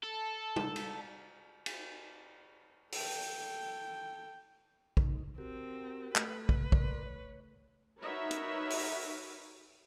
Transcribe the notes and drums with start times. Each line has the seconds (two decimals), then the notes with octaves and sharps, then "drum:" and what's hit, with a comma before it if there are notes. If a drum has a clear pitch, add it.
0.03 A4
0.56 drum: tom
0.76 drum: cymbal
1.66 drum: cymbal
2.92 A4 G5, drum: open hi-hat
4.97 D#4, drum: kick
5.38 C4 F#4 G4 A#4
6.16 A3 B4, drum: clap
6.49 drum: kick
6.72 A#4 D5 C6, drum: kick
7.06 C#5
7.99 D#4 F#4 A#4 B4 C#5 E5
8.31 drum: hi-hat
8.70 drum: open hi-hat